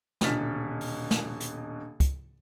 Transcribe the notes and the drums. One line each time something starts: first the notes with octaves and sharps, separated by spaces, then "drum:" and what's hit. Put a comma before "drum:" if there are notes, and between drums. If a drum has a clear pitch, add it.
D#1 B2 D3 F6 A6 B6, drum: snare
drum: open hi-hat
drum: snare
drum: hi-hat
drum: kick, hi-hat